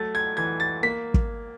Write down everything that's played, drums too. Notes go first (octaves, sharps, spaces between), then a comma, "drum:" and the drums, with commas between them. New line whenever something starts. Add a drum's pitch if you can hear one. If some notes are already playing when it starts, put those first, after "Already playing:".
Already playing: F#3 A3 A6
G#6
E3 G#6
A6
A#3 B6
drum: kick